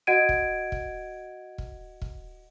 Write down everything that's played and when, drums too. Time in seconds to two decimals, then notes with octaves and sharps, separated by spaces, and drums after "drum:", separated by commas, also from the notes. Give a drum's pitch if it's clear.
0.07 F#4 D#5 F#5 G#6 D7 D#7
0.29 drum: kick
0.72 drum: kick
1.58 drum: kick
2.02 drum: kick